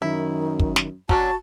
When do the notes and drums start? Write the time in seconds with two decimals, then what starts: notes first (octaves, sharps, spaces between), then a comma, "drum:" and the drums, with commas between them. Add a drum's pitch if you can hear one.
0.02 F#2 D#3 E4
0.59 drum: kick
0.76 drum: snare
1.09 F#3 C#4 D4 F#4 A5, drum: kick